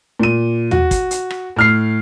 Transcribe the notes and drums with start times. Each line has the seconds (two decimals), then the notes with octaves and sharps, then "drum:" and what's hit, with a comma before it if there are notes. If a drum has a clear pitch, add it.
0.19 A#2 D#7
0.71 F#4, drum: tom
0.91 drum: kick, hi-hat
1.11 drum: hi-hat
1.30 drum: rim click
1.56 A2 F6 C7